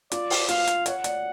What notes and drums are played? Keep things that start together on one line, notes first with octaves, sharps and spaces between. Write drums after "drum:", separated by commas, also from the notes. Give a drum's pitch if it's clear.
F4 D5, drum: hi-hat
drum: open hi-hat
F4 F5, drum: hi-hat
drum: hi-hat
C#5 F#5, drum: hi-hat
D5, drum: hi-hat